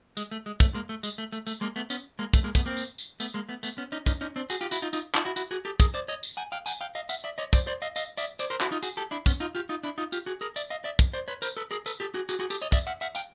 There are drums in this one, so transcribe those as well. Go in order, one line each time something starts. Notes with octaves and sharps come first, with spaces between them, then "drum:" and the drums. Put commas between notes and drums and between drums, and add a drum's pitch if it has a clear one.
G#3, drum: tambourine
A3
G#3
A3, drum: kick, tambourine
G#3 A#3
A3
G#3, drum: tambourine
A3
A3
A3, drum: tambourine
G#3 A#3
A3 B3
B3 C#4, drum: tambourine
G#3 A#3
A3, drum: kick, tambourine
G#3 A#3
A3 B3, drum: kick, tambourine
A#3 C4
drum: tambourine
drum: tambourine
A3 B3, drum: tambourine
G#3 A#3
A3 B3
A3 B3, drum: tambourine
B3 C#4
C#4 D#4
C#4 D#4, drum: kick, tambourine
C#4 D#4
C4 D4
F#4 G#4, drum: tambourine
F4 G4
E4 F#4, drum: tambourine
D#4 F4
D#4 F4, drum: tambourine
D#4 F4, drum: clap
E4 F#4
E4 F#4, drum: tambourine
F#4 G#4
G4 A4
G#4 A#4, drum: kick, tambourine
C5 D5
C#5 D#5
drum: tambourine
F#5 G#5
F5 G5
F#5 G#5, drum: tambourine
F5 G5
D#5 F5
E5 F#5, drum: tambourine
D5 E5
C#5 D#5
C5 D5, drum: kick, tambourine
C5 D5
D#5 F5
D#5 F5, drum: tambourine
D5 E5, drum: tambourine
C5 D5, drum: tambourine
A#4 C5
E4 F#4, drum: clap
D#4 F4
F#4 G#4, drum: tambourine
G4 A4
D4 E4
B3 C#4, drum: kick, tambourine
D#4 F4
F4 G4
D#4 F4
D4 E4
D#4 F4
F4 G4, drum: tambourine
F#4 G#4
G#4 A#4
D5 E5, drum: tambourine
D#5 F5
D5 E5
drum: kick, tambourine
C5 D5
B4 C#5
A#4 C5, drum: tambourine
A4 B4
G#4 A#4
A4 B4, drum: tambourine
G4 A4
F#4 G#4
F#4 G#4, drum: tambourine
F#4 G#4
G4 A4, drum: tambourine
C#5 D#5
D5 E5, drum: kick, tambourine
E5 F#5
E5 F#5
F5 G5, drum: tambourine